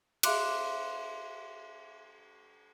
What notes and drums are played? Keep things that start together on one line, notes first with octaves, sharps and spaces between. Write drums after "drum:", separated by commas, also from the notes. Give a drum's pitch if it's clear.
G#4 E5 F5 C6 D6 F#6, drum: cymbal